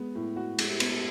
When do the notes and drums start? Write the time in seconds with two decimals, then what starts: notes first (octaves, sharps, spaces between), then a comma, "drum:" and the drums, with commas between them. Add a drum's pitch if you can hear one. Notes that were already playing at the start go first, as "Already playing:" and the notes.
Already playing: G#3 B3
0.15 A2
0.36 F#4
0.59 G#3, drum: cymbal
0.80 B3, drum: cymbal